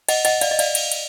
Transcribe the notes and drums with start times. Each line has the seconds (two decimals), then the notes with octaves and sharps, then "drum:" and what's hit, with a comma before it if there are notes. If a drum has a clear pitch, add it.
0.09 D#5 F#5, drum: cymbal
0.25 D#5 F#5, drum: cymbal
0.41 D5 F5, drum: cymbal
0.51 D#5
0.59 D5 F5, drum: cymbal
0.75 drum: cymbal
0.92 drum: cymbal